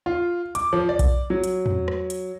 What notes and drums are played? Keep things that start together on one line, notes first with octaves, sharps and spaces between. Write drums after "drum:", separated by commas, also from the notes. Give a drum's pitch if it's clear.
F4
D6, drum: hi-hat
F3
D5
drum: kick B1, hi-hat
F#3
drum: hi-hat
drum: tom
drum: rim click
drum: hi-hat